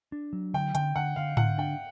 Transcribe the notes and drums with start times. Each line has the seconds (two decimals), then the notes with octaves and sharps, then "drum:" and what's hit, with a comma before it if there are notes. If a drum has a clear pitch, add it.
0.12 D4
0.33 F#3
0.54 D3 G5
0.75 D3 G5, drum: hi-hat
0.96 D3 F#5
1.16 D3 F5
1.37 D3 F#5, drum: tom G#2
1.58 D4 G5